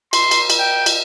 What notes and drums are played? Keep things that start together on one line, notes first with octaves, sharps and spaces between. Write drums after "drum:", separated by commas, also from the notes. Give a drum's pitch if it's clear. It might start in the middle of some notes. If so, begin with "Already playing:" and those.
C6, drum: cymbal
drum: cymbal
drum: cymbal
G5
drum: cymbal